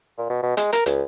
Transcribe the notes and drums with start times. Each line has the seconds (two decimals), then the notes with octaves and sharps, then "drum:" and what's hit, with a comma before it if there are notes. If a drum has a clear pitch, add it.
0.17 A#2
0.30 B2
0.43 B2
0.57 G#3, drum: hi-hat
0.72 A#4, drum: hi-hat
0.86 C#2, drum: hi-hat